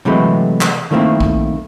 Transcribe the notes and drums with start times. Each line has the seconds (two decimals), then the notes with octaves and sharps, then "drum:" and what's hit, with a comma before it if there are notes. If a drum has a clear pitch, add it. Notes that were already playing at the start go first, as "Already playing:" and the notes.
0.05 C3 E3 F#3 G#3 A3
0.61 drum: clap
0.91 D#3 F3 A3 A#3 C4 E4
1.21 drum: kick A#1